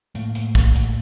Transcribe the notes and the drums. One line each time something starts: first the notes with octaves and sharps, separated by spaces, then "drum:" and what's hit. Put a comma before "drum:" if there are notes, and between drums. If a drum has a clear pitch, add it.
A2 A3 A#3, drum: hi-hat
drum: hi-hat
drum: kick, hi-hat
drum: hi-hat